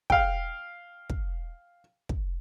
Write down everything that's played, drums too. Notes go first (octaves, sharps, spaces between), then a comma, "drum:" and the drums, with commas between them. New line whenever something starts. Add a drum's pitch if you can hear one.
F5 G5, drum: kick
drum: kick
drum: kick